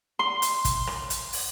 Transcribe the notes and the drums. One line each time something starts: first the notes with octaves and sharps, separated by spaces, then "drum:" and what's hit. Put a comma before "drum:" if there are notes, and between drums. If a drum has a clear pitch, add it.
C6
drum: hi-hat
drum: kick, hi-hat
drum: rim click
drum: hi-hat
drum: open hi-hat